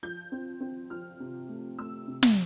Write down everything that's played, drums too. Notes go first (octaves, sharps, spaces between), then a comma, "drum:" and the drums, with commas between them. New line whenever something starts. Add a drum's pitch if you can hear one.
F3 G6
C4
C4
F3 F6
C3
A3
A3 E6
C3
drum: snare